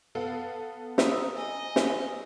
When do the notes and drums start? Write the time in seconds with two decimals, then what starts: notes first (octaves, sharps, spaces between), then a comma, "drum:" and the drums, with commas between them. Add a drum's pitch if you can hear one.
0.15 B3 A4 F5
0.98 A#4 A#5 D#6 E6, drum: snare
1.36 D#5 G#5
1.76 drum: snare